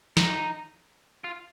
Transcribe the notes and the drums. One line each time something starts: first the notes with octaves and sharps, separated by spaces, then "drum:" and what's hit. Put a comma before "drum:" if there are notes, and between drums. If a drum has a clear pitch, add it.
D#4, drum: snare
F4